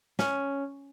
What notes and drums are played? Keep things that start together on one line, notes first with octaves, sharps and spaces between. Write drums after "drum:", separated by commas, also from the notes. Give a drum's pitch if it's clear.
C#4, drum: snare